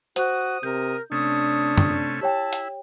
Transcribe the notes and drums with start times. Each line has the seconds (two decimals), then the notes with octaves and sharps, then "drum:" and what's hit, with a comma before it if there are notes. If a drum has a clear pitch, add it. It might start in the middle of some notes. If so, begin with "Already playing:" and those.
0.16 F#4 C5 D#6, drum: hi-hat
0.63 C3 A#4 G6
1.12 C3 A3 C#4 D4 D#6
1.78 drum: tom
2.21 E4 G4 C#5 G5 A5
2.53 drum: hi-hat